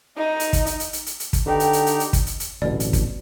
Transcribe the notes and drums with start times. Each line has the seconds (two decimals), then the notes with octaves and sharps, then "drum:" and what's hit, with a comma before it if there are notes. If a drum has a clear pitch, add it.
0.18 D#4 D#5
0.40 drum: hi-hat
0.53 drum: kick, hi-hat
0.66 drum: hi-hat
0.80 drum: hi-hat
0.93 drum: hi-hat
1.06 drum: hi-hat
1.20 drum: hi-hat
1.33 drum: kick, hi-hat
1.46 D3 D#4 G4 B4 G5
1.60 drum: hi-hat
1.73 drum: hi-hat
1.86 drum: hi-hat
2.00 drum: hi-hat
2.13 drum: kick, hi-hat
2.26 drum: hi-hat
2.40 drum: hi-hat
2.62 D1 A1 B2 D5
2.80 drum: hi-hat
2.93 drum: kick, hi-hat